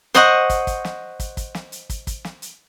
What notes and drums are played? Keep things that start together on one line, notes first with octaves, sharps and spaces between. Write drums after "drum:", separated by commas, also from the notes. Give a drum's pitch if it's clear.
C5 D#5 F#5 C#6, drum: snare
drum: kick, hi-hat
drum: kick, hi-hat
drum: snare
drum: kick, hi-hat
drum: kick, hi-hat
drum: snare
drum: hi-hat
drum: kick, hi-hat
drum: kick, hi-hat
drum: snare
drum: hi-hat